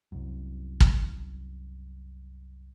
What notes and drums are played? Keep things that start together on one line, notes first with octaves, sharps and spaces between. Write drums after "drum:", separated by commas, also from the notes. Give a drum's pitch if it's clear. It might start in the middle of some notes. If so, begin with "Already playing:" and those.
C2 F#2
drum: kick